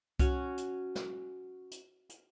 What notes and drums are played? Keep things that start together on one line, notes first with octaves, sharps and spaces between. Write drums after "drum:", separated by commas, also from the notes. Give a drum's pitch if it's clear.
C#4 F#4, drum: kick C2, hi-hat
drum: hi-hat
drum: snare
drum: hi-hat
drum: hi-hat